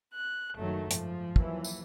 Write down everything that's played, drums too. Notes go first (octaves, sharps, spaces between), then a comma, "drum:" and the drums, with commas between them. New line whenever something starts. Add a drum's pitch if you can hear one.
F#6
F#1 D#3 F#3 A3
G#2 F3, drum: hi-hat
D#2 E3 F#3, drum: kick
drum: tambourine